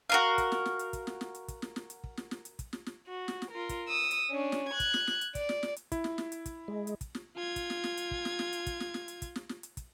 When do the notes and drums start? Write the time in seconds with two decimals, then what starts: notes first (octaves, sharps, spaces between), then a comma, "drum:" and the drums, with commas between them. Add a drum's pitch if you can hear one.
0.10 F#4 A#4 F5
0.38 drum: kick, hi-hat
0.52 drum: snare
0.66 drum: snare
0.79 drum: hi-hat
0.93 drum: kick, hi-hat
1.07 drum: snare
1.21 drum: snare
1.35 drum: hi-hat
1.48 drum: kick, hi-hat
1.62 drum: snare
1.76 drum: snare
1.90 drum: hi-hat
2.04 drum: kick
2.17 drum: snare
2.31 drum: snare
2.45 drum: hi-hat
2.59 drum: kick, hi-hat
2.73 drum: snare
2.86 drum: snare
3.08 F#4
3.28 drum: snare
3.42 drum: snare
3.51 F4 A#4
3.69 drum: kick, hi-hat
3.88 D#6 E6
4.11 drum: hi-hat
4.30 C#4 D4
4.52 drum: snare
4.69 F#6 G#6
4.80 drum: kick, hi-hat
4.94 drum: snare
5.07 drum: snare
5.21 drum: hi-hat
5.35 D5, drum: kick, hi-hat
5.49 drum: snare
5.63 drum: snare
5.76 drum: hi-hat
5.92 E4, drum: kick, hi-hat
6.04 drum: snare
6.18 drum: snare
6.32 drum: hi-hat
6.46 drum: kick, hi-hat
6.68 G#3
6.87 drum: hi-hat
7.01 drum: kick, hi-hat
7.15 drum: snare
7.36 F4 G#6
7.56 drum: kick, hi-hat
7.70 drum: snare
7.84 drum: snare
7.97 drum: hi-hat
8.11 drum: kick
8.25 drum: snare
8.39 drum: snare
8.53 drum: hi-hat
8.66 drum: kick, hi-hat
8.80 drum: snare
8.94 drum: snare
9.08 drum: hi-hat
9.22 drum: kick, hi-hat
9.36 drum: snare
9.49 drum: snare
9.63 drum: hi-hat
9.77 drum: kick, hi-hat